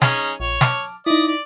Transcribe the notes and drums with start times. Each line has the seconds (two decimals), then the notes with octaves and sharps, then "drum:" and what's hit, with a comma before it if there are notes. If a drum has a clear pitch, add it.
0.02 C#4 D#4 G#4 D#6 F6 G#6, drum: snare
0.40 A#1 C#5
0.61 A5 D6 F6, drum: snare
1.06 D#4 E4 D5 D#6
1.28 D5